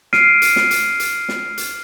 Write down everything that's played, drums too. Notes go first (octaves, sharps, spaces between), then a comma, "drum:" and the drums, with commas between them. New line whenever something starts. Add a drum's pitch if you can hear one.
F6 C7 D7 D#7, drum: snare
drum: hi-hat
drum: snare
drum: hi-hat
drum: hi-hat
drum: snare
drum: hi-hat